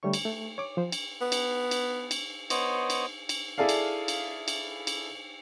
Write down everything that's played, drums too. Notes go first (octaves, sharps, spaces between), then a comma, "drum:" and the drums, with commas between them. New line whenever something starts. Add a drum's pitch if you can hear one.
D3 G3 A3 C#5 C#6
drum: cymbal
A3
C#5 D6
F3 C5
drum: cymbal
B3
drum: cymbal
drum: cymbal
drum: cymbal
B3 C5 C#5 D#5, drum: cymbal
drum: cymbal
drum: cymbal
E4 G#4 A4 D5 F5
drum: cymbal
drum: cymbal
drum: cymbal
drum: cymbal